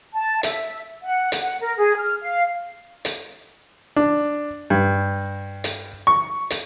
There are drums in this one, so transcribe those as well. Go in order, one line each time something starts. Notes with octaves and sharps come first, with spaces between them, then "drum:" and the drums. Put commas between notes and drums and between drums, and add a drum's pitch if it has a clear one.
A5
E5, drum: hi-hat
F#5
drum: hi-hat
F#5
A#4
G#4
F6
F5
drum: hi-hat
D4
G2
drum: hi-hat
C#6
drum: hi-hat